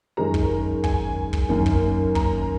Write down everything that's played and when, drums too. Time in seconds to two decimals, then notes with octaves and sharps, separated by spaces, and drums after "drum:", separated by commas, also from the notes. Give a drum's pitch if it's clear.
0.17 F#2 D#3 G#3 A#5
0.34 drum: kick
0.84 G#5, drum: kick
1.33 drum: kick
1.49 F#2 D#3 A#3
1.66 drum: kick
2.15 A#5, drum: kick